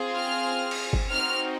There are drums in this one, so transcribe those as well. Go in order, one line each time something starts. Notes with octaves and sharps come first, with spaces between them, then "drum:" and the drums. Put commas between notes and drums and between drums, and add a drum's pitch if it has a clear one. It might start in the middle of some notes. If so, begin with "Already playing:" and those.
Already playing: C4 F4 G#4
F6
drum: cymbal
drum: kick
C4 D#4 F#4 F6